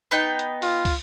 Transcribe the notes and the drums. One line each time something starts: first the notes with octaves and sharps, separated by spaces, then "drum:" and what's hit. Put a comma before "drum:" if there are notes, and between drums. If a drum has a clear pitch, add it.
B3 D#4 G5
drum: hi-hat
F4, drum: open hi-hat
drum: kick, open hi-hat